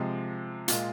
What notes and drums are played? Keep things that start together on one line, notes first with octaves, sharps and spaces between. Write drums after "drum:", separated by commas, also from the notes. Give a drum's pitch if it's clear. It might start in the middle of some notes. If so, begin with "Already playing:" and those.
Already playing: C3 F3 G#3
A#2 G#3 F4, drum: hi-hat